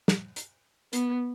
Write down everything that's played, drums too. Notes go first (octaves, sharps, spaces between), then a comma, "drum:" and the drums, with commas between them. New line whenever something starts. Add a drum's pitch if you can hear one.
drum: snare
drum: hi-hat
B3, drum: hi-hat